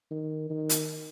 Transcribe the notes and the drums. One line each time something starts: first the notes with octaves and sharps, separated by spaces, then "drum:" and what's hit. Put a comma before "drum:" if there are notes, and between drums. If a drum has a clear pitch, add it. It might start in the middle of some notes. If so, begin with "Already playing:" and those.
D#3
D#3
drum: hi-hat